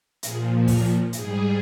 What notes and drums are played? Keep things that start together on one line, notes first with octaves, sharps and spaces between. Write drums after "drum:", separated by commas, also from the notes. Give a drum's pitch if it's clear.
A#2 F3 G#4, drum: hi-hat
A#4, drum: kick, open hi-hat
G#2 G3 G#4, drum: hi-hat